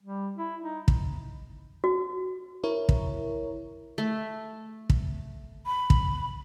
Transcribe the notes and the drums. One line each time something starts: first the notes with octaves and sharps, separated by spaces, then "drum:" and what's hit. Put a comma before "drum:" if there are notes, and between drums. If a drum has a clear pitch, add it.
G3
E4
D#4
drum: kick
F#4
E4 A#4 C#5
drum: kick
A3
drum: kick
B5
drum: kick